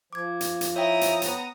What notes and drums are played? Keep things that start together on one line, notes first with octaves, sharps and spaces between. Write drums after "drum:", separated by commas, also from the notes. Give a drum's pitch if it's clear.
F3 D6 G#6
drum: hi-hat
drum: hi-hat
E4 C#5 G5 A#5 D#6
drum: hi-hat
B3, drum: hi-hat